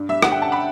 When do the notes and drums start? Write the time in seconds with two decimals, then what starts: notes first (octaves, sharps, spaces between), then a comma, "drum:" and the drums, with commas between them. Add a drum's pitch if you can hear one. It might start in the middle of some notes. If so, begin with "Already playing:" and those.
Already playing: G2 D4
0.09 G3 E5
0.22 D3 F#5, drum: rim click
0.32 G5
0.37 C#4 A5
0.52 B5